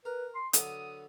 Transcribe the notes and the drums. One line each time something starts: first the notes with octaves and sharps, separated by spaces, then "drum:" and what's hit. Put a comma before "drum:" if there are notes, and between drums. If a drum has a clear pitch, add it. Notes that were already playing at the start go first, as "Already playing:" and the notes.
A#4 B4
C6
D3 F#3 B3 D#6, drum: hi-hat